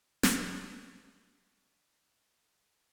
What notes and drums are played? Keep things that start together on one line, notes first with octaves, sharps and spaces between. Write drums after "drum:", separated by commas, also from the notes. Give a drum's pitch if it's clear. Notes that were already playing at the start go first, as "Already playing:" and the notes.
A3 D4 E5 G#5, drum: snare